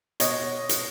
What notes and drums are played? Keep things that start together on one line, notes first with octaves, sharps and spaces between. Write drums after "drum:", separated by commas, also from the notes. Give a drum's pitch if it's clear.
B2 C#5 D#5, drum: hi-hat
drum: hi-hat